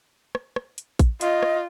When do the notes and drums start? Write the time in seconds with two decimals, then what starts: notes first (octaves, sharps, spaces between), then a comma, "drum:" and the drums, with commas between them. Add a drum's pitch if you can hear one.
0.35 drum: rim click
0.56 drum: rim click
0.78 drum: hi-hat
0.99 drum: kick A1, hi-hat
1.21 F4 D#5, drum: hi-hat
1.43 drum: rim click